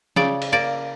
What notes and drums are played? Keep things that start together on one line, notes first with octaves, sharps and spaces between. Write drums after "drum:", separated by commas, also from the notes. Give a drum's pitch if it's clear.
C#3 D5, drum: snare
drum: cymbal
A#3 D5